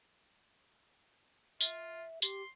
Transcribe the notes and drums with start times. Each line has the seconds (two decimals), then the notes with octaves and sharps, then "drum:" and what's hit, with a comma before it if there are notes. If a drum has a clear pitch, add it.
1.61 F4 E5, drum: tambourine
2.22 G4 C6, drum: tambourine